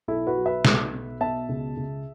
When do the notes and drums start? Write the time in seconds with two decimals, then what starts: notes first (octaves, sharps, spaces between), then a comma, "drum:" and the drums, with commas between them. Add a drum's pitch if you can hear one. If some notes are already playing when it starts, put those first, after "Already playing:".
0.08 B1 E4 A4
0.27 F#4 B4
0.37 F#3
0.46 B4 E5
0.65 B1, drum: snare
0.93 B2
1.21 B2 E5 A5
1.49 C#2
1.77 C#2